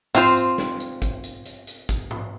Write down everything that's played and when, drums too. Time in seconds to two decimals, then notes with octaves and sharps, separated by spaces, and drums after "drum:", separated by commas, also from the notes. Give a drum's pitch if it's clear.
0.15 C4 F4 C5, drum: tom G#2
0.36 drum: hi-hat
0.58 drum: snare
0.80 drum: hi-hat
1.02 drum: kick, hi-hat
1.24 drum: hi-hat
1.45 drum: hi-hat
1.67 drum: hi-hat
1.89 drum: kick, hi-hat
2.11 drum: tom G#2